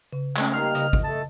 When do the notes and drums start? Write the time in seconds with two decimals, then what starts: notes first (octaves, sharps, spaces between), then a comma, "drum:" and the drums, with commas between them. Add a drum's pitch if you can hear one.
0.13 C#3
0.36 G#3 A3 C#4, drum: clap
0.53 G3 A#3 D#4 F6 C7
0.75 C#3 D#5, drum: hi-hat
0.93 drum: kick
1.04 A3 A4 A5